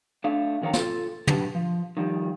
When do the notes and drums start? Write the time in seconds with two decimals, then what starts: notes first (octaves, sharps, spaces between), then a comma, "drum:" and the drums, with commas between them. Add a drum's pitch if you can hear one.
0.24 A3 D4 F5
0.62 F2 D#3 A#4 C#5 F5 A#5
0.73 F4 A4, drum: snare
1.27 F#3 D4 G4 B4 A5, drum: tom
1.55 F3
1.97 D#3 F3 G3